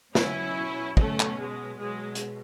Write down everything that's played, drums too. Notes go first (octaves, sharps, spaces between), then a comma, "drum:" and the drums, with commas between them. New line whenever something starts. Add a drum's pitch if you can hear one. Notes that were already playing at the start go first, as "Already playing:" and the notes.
B2 F#3 C#4 E4, drum: snare
B2 F#3 A3 C#4, drum: kick
drum: clap
G#3
B2 F#3 G#3
drum: hi-hat